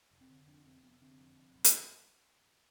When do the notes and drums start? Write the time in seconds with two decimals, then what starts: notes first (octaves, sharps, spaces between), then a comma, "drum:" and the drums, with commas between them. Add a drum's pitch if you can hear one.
0.11 F1
0.21 C4
0.30 D3
0.47 F2 D4
0.65 F1 C4
0.83 F1 B3
1.01 D3 C4
1.19 F2
1.37 F1
1.55 B1
1.64 drum: hi-hat